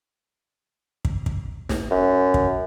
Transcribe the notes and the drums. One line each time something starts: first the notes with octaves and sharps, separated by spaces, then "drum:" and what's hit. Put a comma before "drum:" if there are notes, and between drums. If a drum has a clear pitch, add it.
drum: kick
drum: kick
drum: snare
F#2
drum: kick